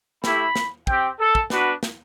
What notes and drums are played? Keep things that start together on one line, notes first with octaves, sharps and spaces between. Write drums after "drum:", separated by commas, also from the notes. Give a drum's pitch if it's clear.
A3 E4 G4 B5, drum: snare
drum: snare
C4 G4 G5, drum: kick
A4
drum: kick
B3 D4 F#4 B4, drum: snare
drum: snare